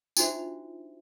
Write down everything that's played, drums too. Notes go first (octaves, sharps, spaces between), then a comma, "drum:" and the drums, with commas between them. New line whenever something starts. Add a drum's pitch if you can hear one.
D4 D#4 F4 F#4 C5 E5, drum: tambourine